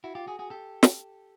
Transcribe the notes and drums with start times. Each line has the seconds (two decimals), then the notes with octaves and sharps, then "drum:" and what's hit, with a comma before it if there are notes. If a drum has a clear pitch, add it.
0.04 E4 F#4
0.15 F4 G4
0.27 F#4 G#4
0.39 F#4 G#4
0.50 G4 A4
0.83 drum: snare